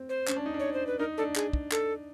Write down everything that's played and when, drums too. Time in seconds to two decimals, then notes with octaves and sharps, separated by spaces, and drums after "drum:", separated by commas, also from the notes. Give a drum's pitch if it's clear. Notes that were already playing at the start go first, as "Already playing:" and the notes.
Already playing: C4
0.09 C5
0.28 C#4, drum: clap
0.36 D4
0.46 D#4
0.54 D4
0.59 C#5
0.74 C5
0.87 B4
0.99 D#4 A#4
1.18 D4 A4
1.36 G#4, drum: clap
1.53 drum: kick
1.72 A4, drum: clap